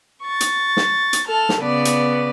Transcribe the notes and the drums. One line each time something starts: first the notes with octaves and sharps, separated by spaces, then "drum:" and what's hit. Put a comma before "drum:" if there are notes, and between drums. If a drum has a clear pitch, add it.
C#6 A6
drum: hi-hat
drum: snare
drum: hi-hat
A4 A5 F6
drum: snare
C#3 B3 B4 D5
drum: hi-hat